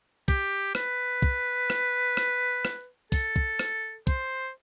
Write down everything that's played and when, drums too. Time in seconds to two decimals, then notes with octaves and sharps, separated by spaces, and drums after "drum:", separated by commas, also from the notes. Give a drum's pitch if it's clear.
0.28 G4, drum: kick, hi-hat
0.75 B4, drum: rim click
1.22 drum: kick
1.70 drum: rim click
2.17 drum: rim click
2.65 drum: rim click
3.12 A4, drum: kick, open hi-hat
3.36 drum: kick
3.59 drum: rim click
4.07 C5, drum: kick, hi-hat